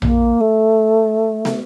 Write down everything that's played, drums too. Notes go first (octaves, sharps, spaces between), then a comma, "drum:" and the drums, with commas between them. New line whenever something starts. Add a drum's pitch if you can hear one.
A#3, drum: tom A#1
A3
drum: snare